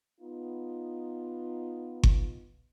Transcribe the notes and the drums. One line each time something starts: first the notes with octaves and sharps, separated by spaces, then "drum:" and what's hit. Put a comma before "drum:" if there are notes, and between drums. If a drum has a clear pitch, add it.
B3 D#4 F4
drum: kick G1